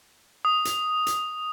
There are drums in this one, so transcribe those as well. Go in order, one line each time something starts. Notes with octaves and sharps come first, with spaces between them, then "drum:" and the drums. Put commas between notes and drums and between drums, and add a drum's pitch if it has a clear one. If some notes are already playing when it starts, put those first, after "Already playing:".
D#6
drum: hi-hat
drum: hi-hat